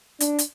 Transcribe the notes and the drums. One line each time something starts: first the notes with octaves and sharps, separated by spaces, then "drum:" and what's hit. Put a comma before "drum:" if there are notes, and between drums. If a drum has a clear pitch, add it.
D4, drum: hi-hat
drum: hi-hat